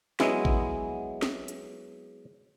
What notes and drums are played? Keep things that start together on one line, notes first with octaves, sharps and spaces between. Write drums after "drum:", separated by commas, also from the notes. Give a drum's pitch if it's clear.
F#3 G#3 B3 E4, drum: snare
drum: kick G#1
drum: snare
drum: hi-hat